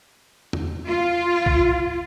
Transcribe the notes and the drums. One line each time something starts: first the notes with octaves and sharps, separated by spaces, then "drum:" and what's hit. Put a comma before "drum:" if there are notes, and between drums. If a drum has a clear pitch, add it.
drum: tom E2
F4
drum: kick B1